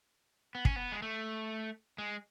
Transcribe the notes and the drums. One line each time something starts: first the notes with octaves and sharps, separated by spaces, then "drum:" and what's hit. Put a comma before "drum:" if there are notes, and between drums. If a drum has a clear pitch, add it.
B3
C#4, drum: kick
B3
G#3
A3
G#3